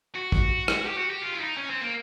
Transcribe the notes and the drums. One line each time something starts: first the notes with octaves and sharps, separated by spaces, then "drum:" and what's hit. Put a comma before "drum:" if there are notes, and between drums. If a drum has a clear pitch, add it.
F#4
drum: kick
drum: rim click
G4
F#4
G4
F4
E4
D#4
C#4
C4
A#3